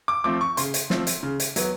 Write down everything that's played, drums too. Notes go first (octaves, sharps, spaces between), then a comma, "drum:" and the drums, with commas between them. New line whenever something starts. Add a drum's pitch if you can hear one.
D6
F3 A3 C4 D6
C#6
C#3 C6, drum: hi-hat
drum: hi-hat
F3 A3 C4, drum: snare
drum: hi-hat
C#3
drum: hi-hat
F#3 B3, drum: hi-hat